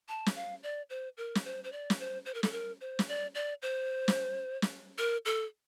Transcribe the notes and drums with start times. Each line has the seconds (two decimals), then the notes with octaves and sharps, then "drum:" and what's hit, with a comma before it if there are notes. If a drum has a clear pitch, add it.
0.09 A5
0.26 drum: snare
0.36 F5
0.63 D5
0.90 C5
1.17 A#4
1.35 drum: snare
1.45 C5
1.64 C5
1.72 D5
1.90 drum: snare
1.99 C5
2.26 C5
2.34 A#4
2.43 A4, drum: snare
2.52 A#4
2.81 C5
2.99 drum: snare
3.08 D5
3.35 D5
3.62 C5
4.08 drum: snare
4.62 drum: snare
4.98 A#4
5.26 A4